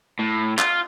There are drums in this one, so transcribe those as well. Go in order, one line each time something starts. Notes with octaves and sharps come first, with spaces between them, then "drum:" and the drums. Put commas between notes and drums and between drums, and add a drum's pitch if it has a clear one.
A2
F4, drum: clap